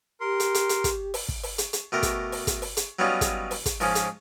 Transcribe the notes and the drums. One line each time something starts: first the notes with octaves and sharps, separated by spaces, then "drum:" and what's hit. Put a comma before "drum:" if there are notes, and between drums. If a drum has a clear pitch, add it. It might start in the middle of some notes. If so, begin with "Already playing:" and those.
G4 A#4 C6
drum: hi-hat
drum: hi-hat
drum: hi-hat
drum: kick, hi-hat
drum: open hi-hat
drum: kick
drum: open hi-hat
drum: hi-hat
drum: hi-hat
B2 A3 G4 A#4
drum: kick, hi-hat
drum: open hi-hat
drum: kick, hi-hat
drum: open hi-hat
drum: hi-hat
F#3 G3 B3 C#4 D#4 F4
drum: kick, hi-hat
drum: open hi-hat
drum: kick, hi-hat
G#2 F3 G#3 C#4, drum: open hi-hat
drum: hi-hat